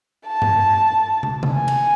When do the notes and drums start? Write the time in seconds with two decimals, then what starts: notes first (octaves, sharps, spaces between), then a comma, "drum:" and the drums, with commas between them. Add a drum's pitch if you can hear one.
0.26 A5
0.42 drum: tom G2
1.23 drum: tom
1.43 drum: tom C3
1.53 G#5
1.68 drum: cymbal